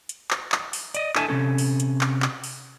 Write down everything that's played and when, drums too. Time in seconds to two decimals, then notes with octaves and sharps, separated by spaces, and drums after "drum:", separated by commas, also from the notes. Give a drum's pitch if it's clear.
0.09 drum: hi-hat
0.31 drum: clap
0.52 drum: clap
0.73 drum: open hi-hat
0.95 D5 D#5, drum: hi-hat
1.15 D4 E4 A4 E5 G#5 A5, drum: clap
1.29 C3 A3 C#4 A4
1.58 drum: open hi-hat
1.80 drum: hi-hat
2.01 drum: clap
2.22 drum: clap
2.44 drum: open hi-hat